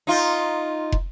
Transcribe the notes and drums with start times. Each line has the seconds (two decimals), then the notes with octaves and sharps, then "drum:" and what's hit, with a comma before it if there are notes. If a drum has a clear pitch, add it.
0.07 D#4 F4
0.92 drum: kick